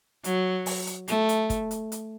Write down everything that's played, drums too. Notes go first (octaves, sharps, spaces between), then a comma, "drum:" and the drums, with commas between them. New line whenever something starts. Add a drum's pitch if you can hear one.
F#3, drum: hi-hat
drum: open hi-hat
drum: hi-hat
A3, drum: hi-hat
drum: hi-hat
drum: kick, hi-hat
drum: hi-hat
drum: hi-hat